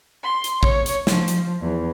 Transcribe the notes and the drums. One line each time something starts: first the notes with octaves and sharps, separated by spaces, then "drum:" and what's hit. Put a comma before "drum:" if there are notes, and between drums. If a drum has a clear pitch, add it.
C6
drum: hi-hat
C#5, drum: kick
drum: hi-hat
F3, drum: snare
drum: hi-hat
E2